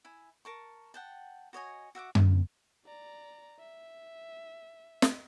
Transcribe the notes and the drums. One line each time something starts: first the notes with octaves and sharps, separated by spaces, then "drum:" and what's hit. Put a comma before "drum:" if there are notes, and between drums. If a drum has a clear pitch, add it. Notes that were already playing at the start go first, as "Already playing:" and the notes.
E4 G#5
A#4 A5 C#6
F#5 G5 A5
F#4 C#5 D#5 G#5
F#4 E5 F#5 D6
drum: tom F#2
D5 A#5
E5
drum: snare